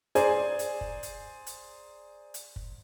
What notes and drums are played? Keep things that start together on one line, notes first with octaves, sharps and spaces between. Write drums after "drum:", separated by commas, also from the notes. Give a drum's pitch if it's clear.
G#4 C5 D5 G#5 A#5, drum: hi-hat
drum: hi-hat
drum: kick
drum: hi-hat
drum: hi-hat
drum: hi-hat
drum: kick